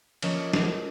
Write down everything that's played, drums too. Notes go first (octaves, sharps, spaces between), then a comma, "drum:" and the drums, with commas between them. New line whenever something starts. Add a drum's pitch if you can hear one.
F3 A#3 C#4 C#5 D#5, drum: cymbal
drum: snare